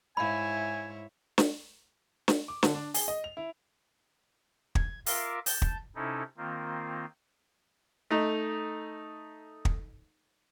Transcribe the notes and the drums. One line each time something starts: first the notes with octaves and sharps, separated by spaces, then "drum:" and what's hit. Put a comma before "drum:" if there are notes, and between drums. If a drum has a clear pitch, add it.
G#2 E4 C#5 F5 G#5 B5
drum: snare
drum: snare
D6
D3, drum: snare
D4
G#4, drum: open hi-hat
D#5
F7
E4
G#6, drum: kick
F4 A#4 E5 F5 D6, drum: open hi-hat
A5 G6, drum: open hi-hat
drum: kick
C3 C#4 D#4 E4 A4
D#3 A#3 C4 F4
A3 D#4
drum: kick